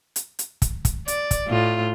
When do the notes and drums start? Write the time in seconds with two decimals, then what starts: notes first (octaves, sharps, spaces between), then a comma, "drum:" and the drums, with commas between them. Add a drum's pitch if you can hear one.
0.16 drum: hi-hat
0.39 drum: hi-hat
0.62 drum: kick, hi-hat
0.85 drum: kick, hi-hat
1.08 D5, drum: hi-hat
1.31 drum: kick, hi-hat
1.47 A2 F4